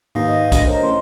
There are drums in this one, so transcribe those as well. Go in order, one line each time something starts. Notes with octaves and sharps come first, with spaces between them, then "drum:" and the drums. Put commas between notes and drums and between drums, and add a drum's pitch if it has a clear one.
D#2 G#2 B4 F5 D#6 A#6
D#5
D2, drum: kick, hi-hat
A#4 C5 C#5 D#5 A#5
A1 C6